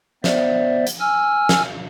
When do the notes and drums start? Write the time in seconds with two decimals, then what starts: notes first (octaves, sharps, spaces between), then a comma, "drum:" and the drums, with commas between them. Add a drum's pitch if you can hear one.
0.24 B3 C5 D5 E5, drum: snare
0.87 drum: hi-hat
1.00 G#5 E6 F6
1.49 drum: snare